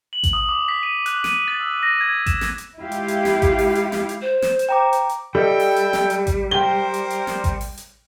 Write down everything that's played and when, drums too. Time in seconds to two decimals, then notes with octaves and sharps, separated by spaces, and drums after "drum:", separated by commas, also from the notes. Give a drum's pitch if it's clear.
0.13 F#7
0.23 drum: kick A1, hi-hat
0.33 D#6
0.49 D6
0.68 B6
0.83 D#7
1.06 F#6, drum: hi-hat
1.24 D#7, drum: snare
1.48 A6
1.61 E6
1.83 A#6
2.01 G#6
2.26 E7, drum: kick A1, hi-hat
2.41 drum: snare
2.58 drum: hi-hat
2.80 G#3 E4 F4 G4 F5
2.92 drum: hi-hat
3.08 drum: hi-hat
3.25 drum: snare
3.42 drum: kick A1, hi-hat
3.59 drum: open hi-hat
3.75 drum: hi-hat
3.92 drum: snare
4.09 drum: hi-hat
4.21 C5
4.42 drum: snare
4.59 drum: hi-hat
4.69 G5 A#5 D6
4.93 drum: hi-hat
5.09 drum: hi-hat
5.35 G3 A4 D#5 E5 G5
5.60 drum: open hi-hat
5.76 drum: hi-hat
5.93 drum: snare
6.10 drum: hi-hat
6.27 drum: kick A1, hi-hat
6.51 A#4 C5 G5 G7
6.94 drum: hi-hat
7.10 drum: hi-hat
7.27 drum: snare
7.44 drum: kick A1, hi-hat
7.61 drum: open hi-hat
7.77 drum: hi-hat